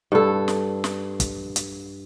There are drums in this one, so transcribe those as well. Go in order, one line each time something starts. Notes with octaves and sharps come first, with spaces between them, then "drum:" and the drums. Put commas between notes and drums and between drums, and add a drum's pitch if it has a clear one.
G2 A4
drum: snare
drum: snare
drum: kick, hi-hat
drum: hi-hat